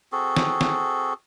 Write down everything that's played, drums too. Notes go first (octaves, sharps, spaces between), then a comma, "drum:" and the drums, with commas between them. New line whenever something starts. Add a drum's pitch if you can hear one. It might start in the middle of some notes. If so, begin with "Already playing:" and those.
C4 F#4 G#4 A4
drum: snare
drum: snare